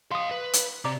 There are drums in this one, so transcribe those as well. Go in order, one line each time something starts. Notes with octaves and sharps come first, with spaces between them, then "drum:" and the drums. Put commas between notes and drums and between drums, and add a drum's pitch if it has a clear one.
D#5 F5 C6 D#6
B4
drum: hi-hat
C3 D5 A#5 D6